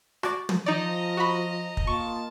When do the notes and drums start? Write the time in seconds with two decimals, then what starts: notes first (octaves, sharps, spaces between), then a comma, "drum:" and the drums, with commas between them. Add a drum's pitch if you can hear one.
0.23 F#4 D5, drum: rim click
0.49 drum: tom
0.66 F3 D#4 D5 D#5 A#5
1.17 F#4 B5
1.77 drum: kick
1.87 A#3 F4 D#5 A5 C#6